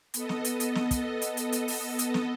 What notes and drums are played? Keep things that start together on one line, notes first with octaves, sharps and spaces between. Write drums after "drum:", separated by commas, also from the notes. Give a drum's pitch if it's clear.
B3 A4 D#5, drum: hi-hat
drum: snare
drum: hi-hat
drum: hi-hat
drum: snare
drum: kick, hi-hat
drum: hi-hat
drum: hi-hat
drum: hi-hat
drum: open hi-hat
drum: hi-hat
drum: snare